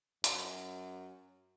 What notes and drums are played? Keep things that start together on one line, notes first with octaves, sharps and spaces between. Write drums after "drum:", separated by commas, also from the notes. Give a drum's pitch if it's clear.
F#2, drum: hi-hat